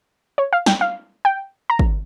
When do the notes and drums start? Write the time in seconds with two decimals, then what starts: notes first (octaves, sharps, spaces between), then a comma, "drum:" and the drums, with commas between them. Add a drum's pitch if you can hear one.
0.38 C#5
0.53 F5
0.66 G5, drum: snare
0.81 F5
1.25 G5
1.70 A#5
1.79 drum: kick